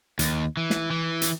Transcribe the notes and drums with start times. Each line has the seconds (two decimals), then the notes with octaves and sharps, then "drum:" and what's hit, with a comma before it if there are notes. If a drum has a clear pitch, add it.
0.19 D#2, drum: hi-hat
0.57 E3
0.70 drum: snare
0.91 E3
1.22 drum: hi-hat